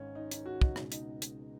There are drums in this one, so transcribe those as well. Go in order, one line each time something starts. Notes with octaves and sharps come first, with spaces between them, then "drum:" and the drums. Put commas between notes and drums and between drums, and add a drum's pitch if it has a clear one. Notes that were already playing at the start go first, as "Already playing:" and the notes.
Already playing: G#1 G#2 D#3 G#3 C#4
D#4
D#4, drum: hi-hat
F#4
D#4, drum: kick
C#2 B2 G#3 D#4, drum: rim click
D#4, drum: hi-hat
drum: hi-hat